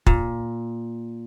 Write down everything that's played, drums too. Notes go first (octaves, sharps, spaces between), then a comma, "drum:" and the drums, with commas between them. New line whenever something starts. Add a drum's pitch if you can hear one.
A#2, drum: kick